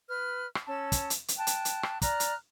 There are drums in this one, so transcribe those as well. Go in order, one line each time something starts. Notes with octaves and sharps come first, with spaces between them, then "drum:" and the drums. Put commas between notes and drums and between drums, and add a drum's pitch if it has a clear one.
B4 F6
drum: rim click
C#4 A5 E6
drum: kick, hi-hat
drum: hi-hat
drum: hi-hat
G5 A5 F#6
drum: hi-hat
drum: hi-hat
drum: rim click
D5 A#5 F6 F#6, drum: kick, hi-hat
drum: hi-hat